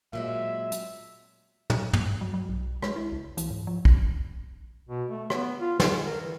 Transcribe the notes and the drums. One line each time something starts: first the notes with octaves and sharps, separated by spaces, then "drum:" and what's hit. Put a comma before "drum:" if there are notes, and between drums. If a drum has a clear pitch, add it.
A#2 F#3 G#3 E5
drum: hi-hat
drum: tom
G2, drum: tom
F#3
F#3
B1
G#3, drum: rim click
E4
C#2
E3, drum: hi-hat
G#2
F3
F#1, drum: kick
B2
A3
B3, drum: rim click
F4
D3, drum: snare
A#4
E3